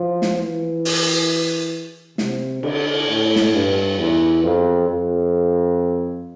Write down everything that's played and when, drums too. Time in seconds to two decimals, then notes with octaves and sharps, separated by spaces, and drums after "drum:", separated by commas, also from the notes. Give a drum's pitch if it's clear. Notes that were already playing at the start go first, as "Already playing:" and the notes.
Already playing: F3
0.22 drum: snare
0.38 E3
0.85 drum: open hi-hat
2.18 C3, drum: snare
2.63 D3, drum: cymbal
3.08 A2
3.36 drum: snare
3.53 G2
3.99 E2
4.44 F2
4.89 F2